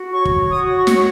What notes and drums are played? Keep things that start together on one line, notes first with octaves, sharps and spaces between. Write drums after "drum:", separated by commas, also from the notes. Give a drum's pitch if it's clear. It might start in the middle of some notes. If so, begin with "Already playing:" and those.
Already playing: F#4
C#5 C#6
drum: kick
F#4 D#6
C#6
C#5, drum: snare